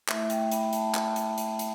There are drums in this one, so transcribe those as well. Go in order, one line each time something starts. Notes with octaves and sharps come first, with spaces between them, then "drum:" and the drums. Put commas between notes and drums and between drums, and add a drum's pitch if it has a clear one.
A3 E4 E5, drum: clap
G5, drum: hi-hat
B5, drum: hi-hat
A5, drum: hi-hat
drum: clap
drum: hi-hat
drum: hi-hat
drum: hi-hat